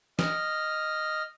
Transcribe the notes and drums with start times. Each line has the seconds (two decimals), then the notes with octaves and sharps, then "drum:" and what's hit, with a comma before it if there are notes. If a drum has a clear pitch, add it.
0.19 D#5 F6, drum: snare